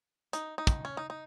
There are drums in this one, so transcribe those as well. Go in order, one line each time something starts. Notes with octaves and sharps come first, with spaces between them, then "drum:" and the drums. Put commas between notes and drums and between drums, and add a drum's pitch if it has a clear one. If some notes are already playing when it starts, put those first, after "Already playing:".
D#4, drum: hi-hat
D#4
drum: kick, hi-hat
C#4
D#4
D#4